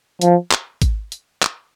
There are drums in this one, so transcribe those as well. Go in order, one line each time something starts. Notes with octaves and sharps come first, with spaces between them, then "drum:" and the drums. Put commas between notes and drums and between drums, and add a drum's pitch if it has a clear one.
F3, drum: hi-hat
drum: clap
drum: kick G#1, hi-hat
drum: hi-hat
drum: clap